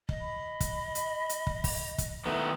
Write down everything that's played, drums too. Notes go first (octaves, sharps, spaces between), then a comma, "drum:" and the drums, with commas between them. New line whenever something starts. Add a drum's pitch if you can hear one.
D#5, drum: kick
B5
drum: kick, hi-hat
drum: hi-hat
drum: hi-hat
drum: kick
drum: kick, open hi-hat
drum: kick, hi-hat
D#3 A3 B3 E4